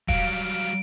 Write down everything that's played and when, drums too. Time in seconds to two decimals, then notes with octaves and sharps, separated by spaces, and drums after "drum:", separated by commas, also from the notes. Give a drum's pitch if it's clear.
0.09 F#3 G3 F5 D7, drum: kick